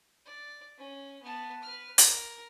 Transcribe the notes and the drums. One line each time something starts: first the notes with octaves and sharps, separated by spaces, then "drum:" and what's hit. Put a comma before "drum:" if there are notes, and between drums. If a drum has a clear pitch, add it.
D5
C#4
B3 A5
B4 F6
A#4, drum: hi-hat